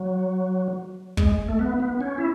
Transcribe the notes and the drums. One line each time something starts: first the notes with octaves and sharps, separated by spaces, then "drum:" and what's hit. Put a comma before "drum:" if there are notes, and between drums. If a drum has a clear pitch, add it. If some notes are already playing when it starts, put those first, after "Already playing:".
Already playing: F#3
G#3, drum: kick
A3
B3
B3
C#4
E4